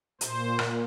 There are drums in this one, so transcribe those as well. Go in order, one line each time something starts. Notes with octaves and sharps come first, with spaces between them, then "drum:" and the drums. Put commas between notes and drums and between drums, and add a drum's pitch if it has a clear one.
A#2 C5, drum: hi-hat
drum: rim click